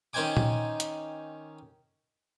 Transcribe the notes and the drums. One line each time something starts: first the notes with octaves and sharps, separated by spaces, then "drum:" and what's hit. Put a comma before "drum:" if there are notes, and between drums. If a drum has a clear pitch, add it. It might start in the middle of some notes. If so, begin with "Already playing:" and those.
D#3 C#4 C5 G5 G#5 D6
drum: tom A#2
drum: hi-hat